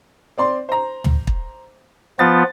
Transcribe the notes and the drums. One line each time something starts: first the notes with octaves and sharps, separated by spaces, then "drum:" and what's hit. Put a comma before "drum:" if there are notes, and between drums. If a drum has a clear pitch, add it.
C4 D5 C6
C5 A#5
drum: tom
drum: kick
F3 B3 F4 A6